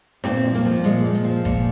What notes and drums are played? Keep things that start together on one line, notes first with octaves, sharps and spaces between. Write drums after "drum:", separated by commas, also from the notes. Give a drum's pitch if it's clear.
A#2 C4, drum: snare
F3
A#3, drum: hi-hat
F3
A#2 G#3, drum: hi-hat
A#2
drum: hi-hat
F3
A#2, drum: kick, hi-hat